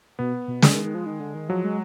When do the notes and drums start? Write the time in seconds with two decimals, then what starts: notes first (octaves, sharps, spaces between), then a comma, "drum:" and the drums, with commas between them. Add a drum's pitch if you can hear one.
0.19 B2 B3
0.48 B2
0.62 D3 G#3, drum: snare
0.73 D#3
0.85 D#3
0.94 F3
1.06 D#3
1.20 D3
1.35 D#3
1.49 F3 F#3
1.64 G#3